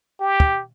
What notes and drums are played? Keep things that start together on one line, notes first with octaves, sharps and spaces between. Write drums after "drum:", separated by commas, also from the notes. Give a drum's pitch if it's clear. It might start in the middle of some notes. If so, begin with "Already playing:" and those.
G4
drum: kick